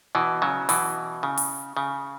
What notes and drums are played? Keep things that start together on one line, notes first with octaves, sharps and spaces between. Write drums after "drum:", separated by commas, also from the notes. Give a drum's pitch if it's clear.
B2 E3
C#3 F#3
B2 E3, drum: open hi-hat
C#3
drum: open hi-hat
C#3